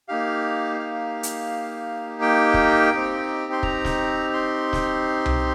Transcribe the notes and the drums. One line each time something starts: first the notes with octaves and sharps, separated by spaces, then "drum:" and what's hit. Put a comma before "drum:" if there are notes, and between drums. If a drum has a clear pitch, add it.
A#3 D#4 G4 F5
F5
drum: hi-hat
G5
drum: kick
C4 D#4 G4
C6
A#5, drum: kick
drum: snare
C6
drum: snare
drum: tom C2